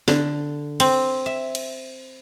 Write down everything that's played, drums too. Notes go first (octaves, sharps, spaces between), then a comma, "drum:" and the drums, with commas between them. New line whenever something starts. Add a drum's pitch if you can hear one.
D3, drum: snare
C4, drum: cymbal
E5
drum: cymbal